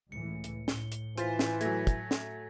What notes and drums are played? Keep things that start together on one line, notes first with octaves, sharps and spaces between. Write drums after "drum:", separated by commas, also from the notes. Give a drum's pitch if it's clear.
C#2 A2 E3 C#7
drum: hi-hat
A2 G7, drum: snare
drum: hi-hat
E3 F4 C5 G#5 A6 B6, drum: hi-hat
drum: snare
F#3 A3 G#6 A#6, drum: hi-hat
drum: kick, hi-hat
drum: snare